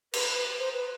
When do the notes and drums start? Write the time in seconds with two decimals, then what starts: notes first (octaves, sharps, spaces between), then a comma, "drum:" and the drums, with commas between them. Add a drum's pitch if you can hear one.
0.13 B4, drum: cymbal
0.59 C5
0.74 B4